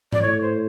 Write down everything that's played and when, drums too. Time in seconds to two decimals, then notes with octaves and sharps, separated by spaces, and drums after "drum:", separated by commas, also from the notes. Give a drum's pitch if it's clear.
0.12 D5, drum: tom G#2
0.22 A2 C#5
0.41 C5